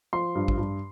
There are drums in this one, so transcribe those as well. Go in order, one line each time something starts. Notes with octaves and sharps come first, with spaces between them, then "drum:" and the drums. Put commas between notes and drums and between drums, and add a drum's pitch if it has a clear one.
F3 C6
G2
drum: kick A1
G2